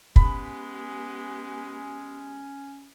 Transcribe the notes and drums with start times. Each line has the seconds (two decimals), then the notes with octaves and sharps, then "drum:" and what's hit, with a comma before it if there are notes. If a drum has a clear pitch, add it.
0.16 G#3 B3 C#4 G4 B5, drum: kick